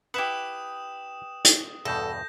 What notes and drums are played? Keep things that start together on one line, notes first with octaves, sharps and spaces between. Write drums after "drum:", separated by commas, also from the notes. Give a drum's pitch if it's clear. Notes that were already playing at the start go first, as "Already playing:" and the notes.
E4 G4 B4 E5 F#5 D#6 E7
drum: hi-hat
E2 G2 B2 A4 G6 A#6